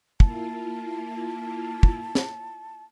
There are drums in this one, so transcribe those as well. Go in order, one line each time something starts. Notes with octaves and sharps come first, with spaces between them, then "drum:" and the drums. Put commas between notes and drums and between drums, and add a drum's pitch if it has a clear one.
A#3 E4 F4 A5, drum: kick
drum: kick
drum: snare